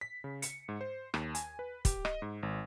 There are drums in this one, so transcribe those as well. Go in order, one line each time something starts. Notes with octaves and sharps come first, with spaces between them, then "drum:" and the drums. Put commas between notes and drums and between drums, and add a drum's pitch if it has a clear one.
B6
C#3
C#7, drum: hi-hat
G#2
C5
D#2, drum: rim click
G#5, drum: hi-hat
B4
G4, drum: kick, hi-hat
D#5, drum: rim click
G#2
G#1